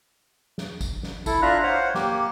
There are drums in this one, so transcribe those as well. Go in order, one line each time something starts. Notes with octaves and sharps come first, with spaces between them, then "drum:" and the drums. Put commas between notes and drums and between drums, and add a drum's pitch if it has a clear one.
drum: snare
drum: kick G#1, tambourine
drum: snare
E4 A4, drum: kick G#1, tambourine
D4 F4 E5 F5 A#5 F#6
C5 C#5 F5 F#5
A#3 G4, drum: snare